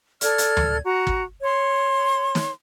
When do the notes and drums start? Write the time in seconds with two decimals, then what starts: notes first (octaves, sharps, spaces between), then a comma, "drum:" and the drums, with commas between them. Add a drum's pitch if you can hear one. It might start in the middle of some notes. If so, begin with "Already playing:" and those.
0.21 A4 D5 F6 G#6, drum: hi-hat
0.38 drum: hi-hat
0.57 drum: tom D2
0.85 F#4 A#5
1.07 drum: kick
1.42 C#5 C6
2.35 drum: snare